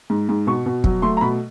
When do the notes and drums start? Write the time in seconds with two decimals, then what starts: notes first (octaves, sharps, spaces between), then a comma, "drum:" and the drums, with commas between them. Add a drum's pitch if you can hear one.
0.10 G#2
0.29 G#2
0.47 B2 C#6
0.66 B2
0.84 F#3, drum: kick
1.02 A3 C6
1.17 A#5
1.21 B2 B5